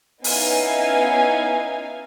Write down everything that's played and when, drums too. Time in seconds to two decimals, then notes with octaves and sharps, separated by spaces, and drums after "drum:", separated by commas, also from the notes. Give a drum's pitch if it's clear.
0.24 B3 C#4 D#4 E4 F5 G#5, drum: open hi-hat